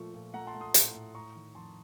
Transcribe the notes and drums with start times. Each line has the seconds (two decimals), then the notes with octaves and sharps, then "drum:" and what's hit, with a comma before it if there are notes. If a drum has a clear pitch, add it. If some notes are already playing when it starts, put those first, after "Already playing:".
Already playing: A#2 F3 A3 C#6
0.14 A#2
0.33 A3 F#5 A#5
0.47 A5 C6
0.54 A3
0.61 C6 D#6
0.74 A2, drum: hi-hat
0.94 A2
1.15 A3 A#5 C#6
1.35 D#3
1.55 F2 A5 C6